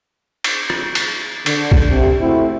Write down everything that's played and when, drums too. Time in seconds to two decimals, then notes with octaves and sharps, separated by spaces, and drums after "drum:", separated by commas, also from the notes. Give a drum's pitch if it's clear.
0.44 drum: cymbal
0.70 drum: rim click
0.95 drum: cymbal
1.46 D3, drum: cymbal
1.72 drum: kick
1.91 C3
2.22 A3 C4 E4 F#4